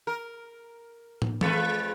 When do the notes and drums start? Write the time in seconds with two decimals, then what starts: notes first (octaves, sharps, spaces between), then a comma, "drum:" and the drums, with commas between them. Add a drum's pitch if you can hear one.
0.07 A#4
1.22 drum: tom
1.41 F2 G#3 B4, drum: tom E3